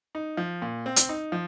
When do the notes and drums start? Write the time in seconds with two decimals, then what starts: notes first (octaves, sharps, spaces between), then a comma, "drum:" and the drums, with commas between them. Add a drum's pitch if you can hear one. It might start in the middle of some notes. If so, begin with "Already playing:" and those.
0.15 D#4
0.37 F3
0.62 A#2
0.86 C4
0.96 drum: hi-hat
1.09 D#4
1.32 F3